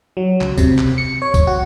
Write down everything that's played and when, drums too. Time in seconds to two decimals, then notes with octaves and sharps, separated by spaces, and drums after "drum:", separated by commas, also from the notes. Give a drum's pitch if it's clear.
0.17 F#3
0.41 C#2, drum: clap
0.58 C3, drum: kick, tambourine
0.78 drum: clap
0.98 C#7
1.22 C#5
1.34 drum: kick, tambourine
1.47 F#4